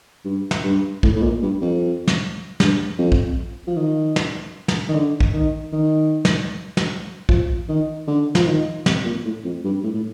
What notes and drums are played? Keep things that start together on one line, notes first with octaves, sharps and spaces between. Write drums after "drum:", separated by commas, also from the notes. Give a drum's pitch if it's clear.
G2
drum: snare
G2
A2, drum: kick
A2
A#2
G2
F2
drum: snare
G2, drum: snare
F2
drum: kick
F3
D#3
drum: snare
drum: snare
D#3
D3
drum: kick
D#3
D#3
drum: snare
drum: snare
F3, drum: kick
D#3
D3
F3, drum: snare
D#3
C3, drum: snare
A#2
A2
F2
G2
A2
A2